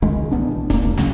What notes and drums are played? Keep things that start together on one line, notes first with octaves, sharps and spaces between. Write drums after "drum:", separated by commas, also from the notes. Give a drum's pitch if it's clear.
C#2 D#3 G#3
A1 B3 D4
B1
A#3 D4, drum: kick, hi-hat
E1 C#2
G#1 C#3 F#3, drum: snare